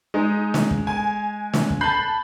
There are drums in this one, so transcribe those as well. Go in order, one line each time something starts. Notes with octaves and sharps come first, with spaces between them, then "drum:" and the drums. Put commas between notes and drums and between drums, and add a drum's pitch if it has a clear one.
G#3 D#4
drum: snare
drum: kick
G#5
drum: snare
drum: kick
A5 B5 F#6 G6 C7